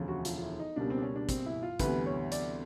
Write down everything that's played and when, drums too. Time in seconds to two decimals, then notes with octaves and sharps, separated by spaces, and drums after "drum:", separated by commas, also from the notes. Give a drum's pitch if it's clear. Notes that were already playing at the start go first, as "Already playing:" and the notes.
Already playing: E1 D2 C#3 F3
0.08 F#4
0.25 F4, drum: hi-hat
0.36 F4
0.43 E4
0.60 D#4
0.76 C#2 B2 G3 A#3 D4
0.90 C4
0.98 D4
1.02 C#4
1.16 D4
1.29 C4, drum: kick, hi-hat
1.46 E4
1.63 F4
1.79 D2 C3 E3 G3 B3 B4, drum: kick, hi-hat
2.06 C#5
2.32 D5, drum: hi-hat